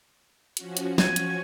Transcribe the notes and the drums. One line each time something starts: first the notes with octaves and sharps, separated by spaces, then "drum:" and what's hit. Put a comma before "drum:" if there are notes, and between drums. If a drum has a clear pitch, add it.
F3 C#4 F#4, drum: hi-hat
drum: hi-hat
G#5, drum: snare
drum: hi-hat